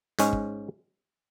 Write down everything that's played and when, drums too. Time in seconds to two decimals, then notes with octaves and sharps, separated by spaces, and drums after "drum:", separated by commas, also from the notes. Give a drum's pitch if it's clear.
0.19 G#2 G#3 C#4, drum: hi-hat
0.33 drum: kick